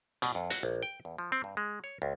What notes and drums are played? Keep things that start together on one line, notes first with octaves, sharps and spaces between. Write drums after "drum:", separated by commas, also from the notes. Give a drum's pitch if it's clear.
B2, drum: hi-hat
F2
F#4, drum: hi-hat
A#1
G5
E2
F3
C4
G2
G#3
C#5
C#2